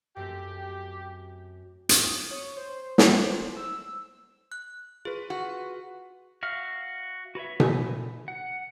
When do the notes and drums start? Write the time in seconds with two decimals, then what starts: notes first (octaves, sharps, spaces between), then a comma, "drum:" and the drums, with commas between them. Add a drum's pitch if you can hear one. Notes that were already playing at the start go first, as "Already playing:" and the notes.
0.16 F#2 A3 C4 G4
1.89 D#6, drum: hi-hat
2.31 C#5
2.57 C5
2.98 drum: snare
3.56 E6
4.52 F#6
5.05 F4 G#4 B4
5.30 F#4
6.43 F#4 E5 F5 F6
7.35 F#4 B4 C#5 E5
7.60 drum: tom B2
8.28 F#5